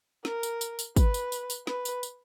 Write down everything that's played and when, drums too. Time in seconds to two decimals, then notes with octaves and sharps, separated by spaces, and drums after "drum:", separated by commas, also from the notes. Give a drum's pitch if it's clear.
0.25 A#4, drum: snare
0.43 drum: tambourine
0.61 drum: tambourine
0.79 drum: tambourine
0.96 B4, drum: kick, tambourine
1.14 drum: tambourine
1.32 drum: tambourine
1.50 drum: tambourine
1.67 B4, drum: snare
1.85 drum: tambourine
2.03 drum: tambourine